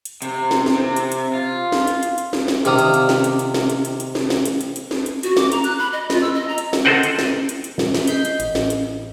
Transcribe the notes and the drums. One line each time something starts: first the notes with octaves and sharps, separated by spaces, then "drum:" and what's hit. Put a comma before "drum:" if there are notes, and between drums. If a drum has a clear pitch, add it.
drum: hi-hat
C3, drum: hi-hat
drum: snare
drum: snare
C3
drum: hi-hat
drum: hi-hat
F4
drum: snare
drum: hi-hat
drum: hi-hat
drum: hi-hat
drum: snare
drum: snare
C3 D#3 D5 F5 D#6, drum: hi-hat
drum: hi-hat
drum: hi-hat
drum: snare
drum: hi-hat
drum: hi-hat
drum: snare
drum: hi-hat
drum: hi-hat
drum: hi-hat
drum: snare
drum: snare
drum: hi-hat
drum: hi-hat
drum: hi-hat
drum: snare
drum: hi-hat
F#4, drum: hi-hat
D6, drum: snare
A#5, drum: hi-hat
F#6, drum: hi-hat
B5
D#5
F4, drum: snare
E6
D#5
A#5
drum: hi-hat
drum: snare
A4 A#4 C5 D#5 F#5 G5
drum: hi-hat
drum: snare
drum: hi-hat
drum: hi-hat
drum: snare
drum: snare
D#5 G6 B6 C7, drum: hi-hat
drum: hi-hat
A1, drum: hi-hat
drum: snare
drum: hi-hat